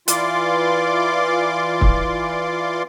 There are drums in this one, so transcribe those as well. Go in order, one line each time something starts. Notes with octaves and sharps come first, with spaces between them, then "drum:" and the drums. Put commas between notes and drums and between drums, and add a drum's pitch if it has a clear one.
E3 F4 D5 C6 D6, drum: hi-hat
drum: kick